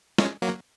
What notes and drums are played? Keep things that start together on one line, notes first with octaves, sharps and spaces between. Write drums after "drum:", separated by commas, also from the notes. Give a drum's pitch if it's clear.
G#3 C#4, drum: snare
F#3 A#3